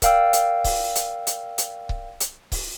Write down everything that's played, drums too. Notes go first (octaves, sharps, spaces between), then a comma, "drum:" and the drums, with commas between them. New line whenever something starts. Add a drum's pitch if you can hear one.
A#4 D5 F5 G5 E6, drum: kick C#1, hi-hat
drum: hi-hat
drum: kick C#1, open hi-hat
drum: hi-hat
drum: hi-hat
drum: hi-hat
drum: kick C#1
drum: hi-hat
drum: kick C#1, open hi-hat